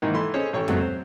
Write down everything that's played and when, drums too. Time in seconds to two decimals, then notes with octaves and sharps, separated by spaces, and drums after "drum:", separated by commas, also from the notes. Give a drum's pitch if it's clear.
0.02 G#2 D#3 E3 A#3 D#4
0.14 E3 A4 B5 C6
0.34 C#4 G#4 A4 C5 C#5 D#5
0.53 A1 A4 C#5 G5 C#6
0.68 A#2 F#3 G#3 A3 B3 C4, drum: tom F2
0.80 C5